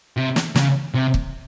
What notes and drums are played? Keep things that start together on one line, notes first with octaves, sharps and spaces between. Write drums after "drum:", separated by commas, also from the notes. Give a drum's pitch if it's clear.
C3
drum: snare
C#3, drum: snare
C3
drum: kick